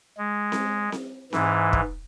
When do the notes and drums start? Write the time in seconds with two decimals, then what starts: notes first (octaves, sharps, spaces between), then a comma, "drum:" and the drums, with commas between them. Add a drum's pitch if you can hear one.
0.18 G#3
0.52 drum: snare C4
0.92 drum: snare C4
1.33 G#2 E3, drum: snare C4
1.73 drum: kick